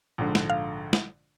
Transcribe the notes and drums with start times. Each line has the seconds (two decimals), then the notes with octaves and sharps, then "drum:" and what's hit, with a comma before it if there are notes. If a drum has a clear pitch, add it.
0.18 A#1 G#2 D3
0.35 drum: snare
0.50 F5
0.93 drum: snare